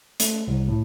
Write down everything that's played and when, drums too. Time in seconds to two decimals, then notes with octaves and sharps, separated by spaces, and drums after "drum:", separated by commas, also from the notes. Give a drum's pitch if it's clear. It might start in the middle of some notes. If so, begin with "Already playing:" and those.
0.20 A3, drum: hi-hat
0.47 C2
0.68 A2